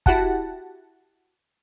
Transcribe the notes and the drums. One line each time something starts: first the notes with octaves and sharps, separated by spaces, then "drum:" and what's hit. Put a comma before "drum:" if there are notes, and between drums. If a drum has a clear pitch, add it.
E4 F#4 G4 F#5 A5, drum: kick